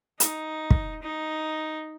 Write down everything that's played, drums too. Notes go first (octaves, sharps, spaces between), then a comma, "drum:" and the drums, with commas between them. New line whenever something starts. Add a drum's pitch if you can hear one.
D#4, drum: hi-hat
drum: kick
D#4